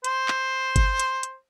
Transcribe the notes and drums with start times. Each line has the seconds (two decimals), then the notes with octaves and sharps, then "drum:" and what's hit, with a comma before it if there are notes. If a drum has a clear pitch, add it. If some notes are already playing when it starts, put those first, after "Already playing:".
0.04 C5, drum: hi-hat
0.28 drum: clap
0.76 drum: kick G1, hi-hat
1.00 drum: hi-hat
1.23 drum: hi-hat